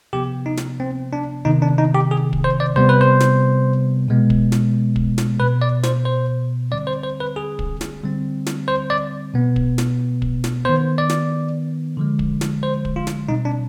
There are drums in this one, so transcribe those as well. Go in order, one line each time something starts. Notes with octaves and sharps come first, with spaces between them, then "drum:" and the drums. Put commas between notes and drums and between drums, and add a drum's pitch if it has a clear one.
C3 F3 B3 G4
D#4
drum: snare
C4
D4
C3 D#3 B3 D#4
D4
D#4
G4
G#4
drum: kick
C5
D5
C3 G3 B3 C5
B4
C5
drum: snare
B2 G#3 B3
drum: kick
drum: snare
drum: kick
drum: snare
B2 B3 B4
D5
C5, drum: snare
C5
D3 G3 C4 D5
C5
C5
B4
G#4
drum: kick
drum: snare
D3 G3 C4
drum: snare
C5
D5
B2 B3
drum: kick
drum: snare
drum: kick
drum: snare
D#3 B3 C5
D5
drum: snare
D3 F3 G#3
drum: kick
drum: snare
C5
drum: kick
F4
drum: snare
B2 G3 C4 D#4
D4